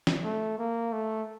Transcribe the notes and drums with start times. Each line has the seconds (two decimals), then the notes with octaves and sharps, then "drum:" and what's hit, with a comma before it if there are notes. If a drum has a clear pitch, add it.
0.07 drum: snare
0.24 A3
0.59 A#3
0.93 A3